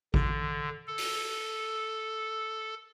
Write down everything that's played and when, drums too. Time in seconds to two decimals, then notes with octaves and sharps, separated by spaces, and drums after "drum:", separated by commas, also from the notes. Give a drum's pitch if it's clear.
0.14 D3, drum: kick A1
0.87 A4
0.98 drum: open hi-hat